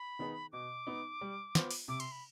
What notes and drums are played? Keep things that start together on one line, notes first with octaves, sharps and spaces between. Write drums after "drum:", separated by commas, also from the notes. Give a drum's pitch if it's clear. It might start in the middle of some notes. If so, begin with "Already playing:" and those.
Already playing: B5
D#3 B3 D#4 G#4
B2 D6
B3 D#4
G3
B3 F4 C5, drum: snare
drum: open hi-hat
C3 D6
C6, drum: cymbal
B5